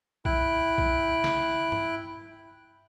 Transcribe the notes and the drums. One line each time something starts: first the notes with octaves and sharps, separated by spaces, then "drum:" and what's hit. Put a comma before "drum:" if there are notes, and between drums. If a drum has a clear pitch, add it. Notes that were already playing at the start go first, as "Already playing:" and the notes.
E4 G5 F#6, drum: kick B1
drum: kick B1
drum: snare
drum: tom G2